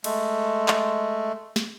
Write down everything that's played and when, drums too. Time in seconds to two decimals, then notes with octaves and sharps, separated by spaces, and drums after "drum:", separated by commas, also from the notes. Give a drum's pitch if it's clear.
0.04 G#3 A3, drum: cymbal
0.68 drum: clap
1.56 drum: snare